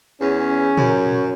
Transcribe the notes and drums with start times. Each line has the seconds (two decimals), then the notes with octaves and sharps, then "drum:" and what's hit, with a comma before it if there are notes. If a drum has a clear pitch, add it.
0.21 E2 C#4
0.77 F#2, drum: tom A#2